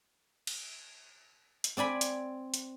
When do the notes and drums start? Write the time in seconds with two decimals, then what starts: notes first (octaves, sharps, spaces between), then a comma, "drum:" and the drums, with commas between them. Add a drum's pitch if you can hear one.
0.47 drum: cymbal
1.64 drum: hi-hat
1.77 C4 D5 G#5 B5
2.01 drum: hi-hat
2.54 drum: hi-hat